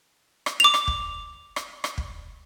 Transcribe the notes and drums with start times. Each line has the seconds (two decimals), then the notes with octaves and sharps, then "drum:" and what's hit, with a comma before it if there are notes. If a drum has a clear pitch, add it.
0.46 drum: rim click
0.60 D6 F7
0.74 drum: rim click
0.87 drum: kick
1.56 drum: rim click
1.84 drum: rim click
1.98 drum: kick